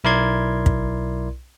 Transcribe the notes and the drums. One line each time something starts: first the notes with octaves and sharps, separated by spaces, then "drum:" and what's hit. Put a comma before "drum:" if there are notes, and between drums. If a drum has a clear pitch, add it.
B1 E4 A#4 D5 C6 G#6
drum: kick